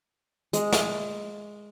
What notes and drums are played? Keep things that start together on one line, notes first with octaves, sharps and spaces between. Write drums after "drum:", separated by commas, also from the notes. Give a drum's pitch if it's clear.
G#3, drum: hi-hat
drum: snare